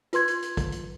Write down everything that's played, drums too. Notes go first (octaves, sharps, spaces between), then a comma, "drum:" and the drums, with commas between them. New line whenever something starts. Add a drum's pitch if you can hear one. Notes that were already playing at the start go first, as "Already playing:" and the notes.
F4 B4 C6 G#6, drum: hi-hat
drum: hi-hat
drum: hi-hat
drum: kick, hi-hat
drum: hi-hat